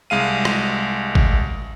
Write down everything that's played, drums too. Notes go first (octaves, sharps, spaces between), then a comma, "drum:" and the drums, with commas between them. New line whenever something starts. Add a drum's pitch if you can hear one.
C2 G#3 F5 D#7
drum: rim click
drum: kick